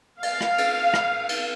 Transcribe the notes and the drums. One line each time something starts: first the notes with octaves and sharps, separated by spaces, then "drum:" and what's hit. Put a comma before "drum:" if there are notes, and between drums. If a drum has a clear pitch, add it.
F5, drum: cymbal
drum: rim click
drum: cymbal
drum: rim click
drum: cymbal